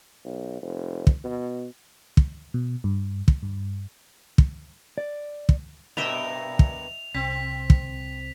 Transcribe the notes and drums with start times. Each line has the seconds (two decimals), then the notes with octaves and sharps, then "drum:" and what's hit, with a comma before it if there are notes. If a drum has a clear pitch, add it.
0.25 B1
0.62 F1
1.07 drum: kick
1.24 B2
2.17 drum: kick
2.54 B2
2.84 G2
3.28 drum: kick
3.43 G2
4.38 drum: kick
4.98 D5
5.49 drum: kick
5.97 G2 B2 A#4 D#5 E5 G5 F7
6.59 drum: kick
7.14 C2 C4 B6
7.70 drum: kick